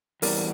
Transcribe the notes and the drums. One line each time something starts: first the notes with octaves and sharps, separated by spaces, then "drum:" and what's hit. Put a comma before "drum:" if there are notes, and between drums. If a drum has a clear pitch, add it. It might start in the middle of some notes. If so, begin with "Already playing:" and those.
E2 E3 G3 A#4 D5, drum: open hi-hat